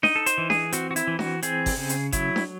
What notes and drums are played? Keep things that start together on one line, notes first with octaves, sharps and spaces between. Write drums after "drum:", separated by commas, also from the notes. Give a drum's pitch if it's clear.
D#4 D#5, drum: snare D4
A4
C5, drum: hi-hat
E3
G#4, drum: snare D4
C4 F#4, drum: hi-hat
F#4
E4, drum: hi-hat
E3
F#4, drum: snare D4
C4 G#4, drum: hi-hat
drum: kick G1, open hi-hat
C#3
drum: hi-hat
F#3 E4, drum: kick G1, hi-hat
drum: snare D4